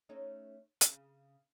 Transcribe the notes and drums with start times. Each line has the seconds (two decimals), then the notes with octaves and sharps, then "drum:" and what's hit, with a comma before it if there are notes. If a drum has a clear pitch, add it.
0.09 A3 C#4 D#4
0.81 C#3, drum: hi-hat